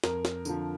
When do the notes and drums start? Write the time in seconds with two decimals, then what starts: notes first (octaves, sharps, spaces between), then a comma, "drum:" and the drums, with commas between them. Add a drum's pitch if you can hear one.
0.04 F2 A#4, drum: snare
0.25 drum: snare
0.45 D3 F3, drum: tambourine